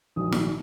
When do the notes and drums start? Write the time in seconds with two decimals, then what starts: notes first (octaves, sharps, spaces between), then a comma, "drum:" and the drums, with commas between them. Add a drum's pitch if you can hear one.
0.16 A#1 G#2 D#3 F#3 D#6
0.33 drum: snare